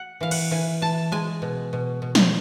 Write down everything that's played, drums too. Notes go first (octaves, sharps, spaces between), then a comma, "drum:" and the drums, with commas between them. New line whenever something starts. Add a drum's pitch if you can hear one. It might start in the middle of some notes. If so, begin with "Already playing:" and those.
Already playing: F#5
E3 F5
F#5, drum: cymbal
E3 G#5
E3 A5
G#3 G#5
B2
B2
B2
drum: snare